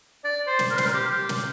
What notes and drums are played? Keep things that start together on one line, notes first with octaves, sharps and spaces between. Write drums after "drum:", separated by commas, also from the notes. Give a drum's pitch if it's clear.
D5
C5
drum: snare
A#4
C5, drum: snare
A#4
G4
drum: snare